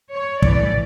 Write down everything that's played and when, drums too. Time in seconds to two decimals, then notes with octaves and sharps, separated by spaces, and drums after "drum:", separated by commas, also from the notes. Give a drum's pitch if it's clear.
0.14 C#5
0.42 A2 E3 D5, drum: kick